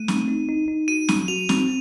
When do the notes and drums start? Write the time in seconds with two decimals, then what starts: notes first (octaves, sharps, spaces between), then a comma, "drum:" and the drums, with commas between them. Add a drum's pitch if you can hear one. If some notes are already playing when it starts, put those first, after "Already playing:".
Already playing: A3 D#7
0.08 C4, drum: snare
0.28 D#4
0.49 D#4
0.68 D#4
0.88 F#4 D#7
1.09 F#3 D#7, drum: snare
1.28 F#4 F7
1.49 C4 F7, drum: snare